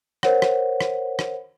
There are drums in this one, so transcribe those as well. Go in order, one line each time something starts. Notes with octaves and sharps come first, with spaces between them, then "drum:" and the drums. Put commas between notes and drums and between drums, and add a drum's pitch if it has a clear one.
A#4 C5 C#5 F#5, drum: rim click
drum: rim click
drum: rim click
drum: rim click